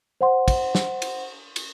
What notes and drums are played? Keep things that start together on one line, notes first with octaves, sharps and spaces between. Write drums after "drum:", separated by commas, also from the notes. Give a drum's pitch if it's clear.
C5 F#5 C6
drum: kick, cymbal
drum: snare
drum: cymbal
drum: cymbal